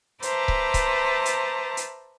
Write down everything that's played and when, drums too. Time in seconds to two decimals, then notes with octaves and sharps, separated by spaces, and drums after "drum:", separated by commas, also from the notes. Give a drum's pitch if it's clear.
0.22 B4 C5 E5 A5 A#5 D6, drum: hi-hat
0.48 drum: kick C#1
0.74 drum: kick C#1, hi-hat
1.26 drum: hi-hat
1.77 drum: hi-hat